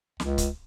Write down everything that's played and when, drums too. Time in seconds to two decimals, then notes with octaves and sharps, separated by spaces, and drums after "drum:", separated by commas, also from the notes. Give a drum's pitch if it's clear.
0.20 C#2, drum: snare
0.38 drum: kick C#1, hi-hat